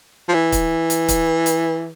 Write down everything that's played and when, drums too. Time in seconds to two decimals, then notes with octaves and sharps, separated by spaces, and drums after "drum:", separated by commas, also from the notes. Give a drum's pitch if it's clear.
0.28 F3
0.34 E3
0.52 drum: kick, hi-hat
0.90 drum: hi-hat
1.08 drum: kick, hi-hat
1.46 drum: hi-hat